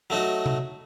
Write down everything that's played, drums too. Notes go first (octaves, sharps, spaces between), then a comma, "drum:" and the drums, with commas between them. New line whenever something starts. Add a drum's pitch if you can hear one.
F#3 A3 D#4 F#4
drum: tom C3